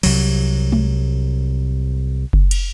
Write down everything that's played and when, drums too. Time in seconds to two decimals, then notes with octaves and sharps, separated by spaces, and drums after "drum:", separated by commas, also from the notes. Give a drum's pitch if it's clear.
0.03 C2 F#3, drum: cymbal
0.72 drum: tom G#3
2.33 drum: kick F#1
2.51 drum: cymbal